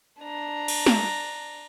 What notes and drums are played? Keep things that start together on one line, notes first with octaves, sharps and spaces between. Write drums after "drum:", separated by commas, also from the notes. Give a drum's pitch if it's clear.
D4 A#5
drum: cymbal
drum: snare